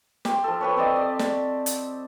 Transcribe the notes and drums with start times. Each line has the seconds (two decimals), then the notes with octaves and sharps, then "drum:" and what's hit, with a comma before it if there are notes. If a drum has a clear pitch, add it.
0.25 G4 C6, drum: snare
0.44 F3 A4
0.61 G4 B4 C#5
0.76 C4 C5 D5 D#5
0.96 D5
1.19 drum: snare
1.66 drum: hi-hat